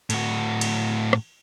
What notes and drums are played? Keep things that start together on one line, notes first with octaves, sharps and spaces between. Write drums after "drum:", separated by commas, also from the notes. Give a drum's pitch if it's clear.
A2 F#4, drum: cymbal
drum: cymbal
drum: rim click